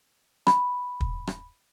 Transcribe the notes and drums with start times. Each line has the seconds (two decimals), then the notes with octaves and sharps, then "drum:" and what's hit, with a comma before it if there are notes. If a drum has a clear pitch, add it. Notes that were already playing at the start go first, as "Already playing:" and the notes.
0.47 B5, drum: rim click
1.00 drum: kick
1.27 drum: rim click